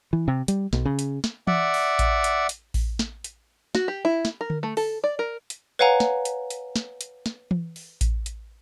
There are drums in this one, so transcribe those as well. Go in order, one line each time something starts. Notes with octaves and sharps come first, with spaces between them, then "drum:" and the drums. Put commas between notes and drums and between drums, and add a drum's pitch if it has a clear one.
E3
C3
G3, drum: hi-hat
B1, drum: snare
C#3
drum: hi-hat
drum: snare
D5 E5 F#5, drum: tom E3
drum: open hi-hat
drum: kick A1, hi-hat
drum: hi-hat
drum: hi-hat
drum: kick A1, open hi-hat
drum: snare
drum: hi-hat
F#4, drum: snare
G4
E4
drum: snare
A#4
drum: tom D3
A3
A4, drum: open hi-hat
D5
A#4
drum: hi-hat
B4 C#5 F5 F#5 G#5 A#5
drum: snare
drum: hi-hat
drum: hi-hat
drum: snare
drum: hi-hat
drum: snare
drum: tom E3
drum: open hi-hat
drum: kick A1, hi-hat
drum: hi-hat